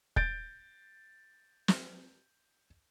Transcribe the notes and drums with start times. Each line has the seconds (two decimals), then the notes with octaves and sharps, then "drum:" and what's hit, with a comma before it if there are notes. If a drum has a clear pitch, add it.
0.16 G6 A6 D7, drum: kick
1.68 drum: snare